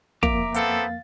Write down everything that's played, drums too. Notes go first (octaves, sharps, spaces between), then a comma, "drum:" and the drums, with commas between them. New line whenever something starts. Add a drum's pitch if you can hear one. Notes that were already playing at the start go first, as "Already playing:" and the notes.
F2 A#3 E5 A#5 D6, drum: kick
B3 C4 A4 F5 A6, drum: hi-hat